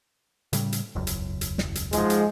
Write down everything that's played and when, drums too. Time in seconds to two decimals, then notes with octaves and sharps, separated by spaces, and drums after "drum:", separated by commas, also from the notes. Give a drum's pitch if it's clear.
0.53 A2 C#3 G3, drum: hi-hat
0.72 drum: hi-hat
0.95 E1 C#2 F#2
1.07 drum: hi-hat
1.41 drum: hi-hat
1.58 drum: snare
1.75 drum: hi-hat
1.93 G#2 F3 G#3, drum: hi-hat
2.10 drum: hi-hat